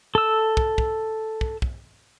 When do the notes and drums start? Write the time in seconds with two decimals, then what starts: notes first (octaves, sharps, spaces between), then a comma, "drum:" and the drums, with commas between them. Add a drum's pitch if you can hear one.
0.15 A4 E6
0.57 drum: kick
0.78 drum: kick
1.41 drum: kick
1.62 drum: kick